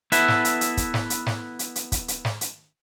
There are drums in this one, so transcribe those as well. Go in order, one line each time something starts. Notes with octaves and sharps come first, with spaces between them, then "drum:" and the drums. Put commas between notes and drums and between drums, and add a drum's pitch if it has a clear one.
B3 E4 A4 B4 E5, drum: hi-hat
drum: snare
drum: hi-hat
drum: hi-hat
drum: kick, hi-hat
drum: snare
drum: hi-hat
drum: snare
drum: hi-hat
drum: hi-hat
drum: kick, hi-hat
drum: hi-hat
drum: snare
drum: hi-hat